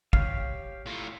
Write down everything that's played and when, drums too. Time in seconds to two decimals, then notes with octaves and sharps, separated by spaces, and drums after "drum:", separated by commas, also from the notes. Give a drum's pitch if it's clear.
0.13 G4 C#5 F5, drum: kick
0.86 A2 F4